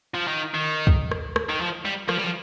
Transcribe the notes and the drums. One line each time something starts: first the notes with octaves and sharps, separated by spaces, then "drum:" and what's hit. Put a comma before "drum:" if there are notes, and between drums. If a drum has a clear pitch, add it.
F3
D#3
D#3
drum: kick
drum: rim click
drum: rim click
D#3
F3
G3
F3, drum: rim click
G3
F3